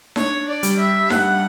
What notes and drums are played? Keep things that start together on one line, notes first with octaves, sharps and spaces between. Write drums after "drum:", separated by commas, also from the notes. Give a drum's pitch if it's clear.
D4 C#5, drum: snare D#4
D5
G3, drum: hi-hat
E5
G2 F#5, drum: snare D#4